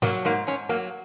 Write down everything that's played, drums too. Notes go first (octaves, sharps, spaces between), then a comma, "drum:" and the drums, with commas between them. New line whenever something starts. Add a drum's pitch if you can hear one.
F#3 A#3, drum: snare
G#2 A#3
G#2 C#4
F#3 A#3